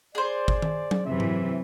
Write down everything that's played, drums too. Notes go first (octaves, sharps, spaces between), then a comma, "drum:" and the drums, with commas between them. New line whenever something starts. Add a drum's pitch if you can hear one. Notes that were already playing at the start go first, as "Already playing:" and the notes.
G#4 C5 D5
drum: kick
drum: tom D#3
drum: tom F#3
F#2 C3 E3 E5
drum: tom G#2